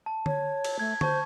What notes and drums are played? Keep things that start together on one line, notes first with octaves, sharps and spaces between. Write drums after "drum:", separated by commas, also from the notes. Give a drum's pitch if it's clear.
A5
C#5, drum: tom D3
drum: cymbal
A3 G#6
C5 A5 C#6, drum: tom D3